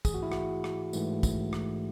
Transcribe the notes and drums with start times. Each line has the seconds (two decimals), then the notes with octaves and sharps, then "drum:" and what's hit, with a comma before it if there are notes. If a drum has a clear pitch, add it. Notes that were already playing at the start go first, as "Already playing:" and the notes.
0.05 G#2 E3 A3 G#4, drum: kick, tambourine
0.14 F#4
0.23 E4
0.32 F#4, drum: rim click
0.64 drum: rim click
0.93 G#2 E3 A3, drum: tambourine
1.23 drum: kick, tambourine
1.53 drum: rim click